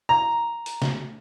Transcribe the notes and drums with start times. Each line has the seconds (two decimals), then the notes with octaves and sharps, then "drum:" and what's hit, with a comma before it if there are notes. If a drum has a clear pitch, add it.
0.09 A#5
0.66 drum: hi-hat
0.82 drum: snare